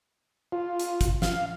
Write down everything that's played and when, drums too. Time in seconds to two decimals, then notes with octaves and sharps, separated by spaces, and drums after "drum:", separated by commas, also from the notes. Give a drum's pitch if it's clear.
0.52 F4
0.80 drum: hi-hat
1.01 drum: kick, hi-hat
1.22 F5, drum: snare